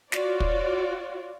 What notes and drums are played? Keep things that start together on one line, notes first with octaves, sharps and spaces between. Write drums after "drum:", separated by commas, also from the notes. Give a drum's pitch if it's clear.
F4 F#4 C#5 D5, drum: snare
drum: kick